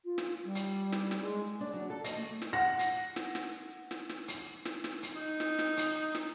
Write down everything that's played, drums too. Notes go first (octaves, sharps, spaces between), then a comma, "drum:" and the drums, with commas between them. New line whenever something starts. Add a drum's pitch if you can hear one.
F4
drum: snare
G3
drum: hi-hat
drum: snare
drum: snare
G#3
D4
F#3
A4
D#5, drum: hi-hat
A3
drum: snare
F#5 A#6
drum: hi-hat
drum: snare
drum: snare
drum: snare
drum: snare
drum: hi-hat
drum: snare
drum: snare
drum: hi-hat
D#4
drum: snare
drum: snare
drum: hi-hat
drum: snare